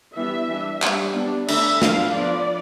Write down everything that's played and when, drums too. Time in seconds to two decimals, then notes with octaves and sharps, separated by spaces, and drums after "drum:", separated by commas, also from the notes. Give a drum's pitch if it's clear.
0.15 E3 G3 B3 D4 E5
0.49 E3 G3 D4
0.82 G3 D4, drum: clap
1.15 G3 B3 D4
1.48 D3 A3 D4 E5, drum: cymbal
1.82 D3 F3 B3 D4 F5, drum: snare
2.14 F3 B3 D4 D5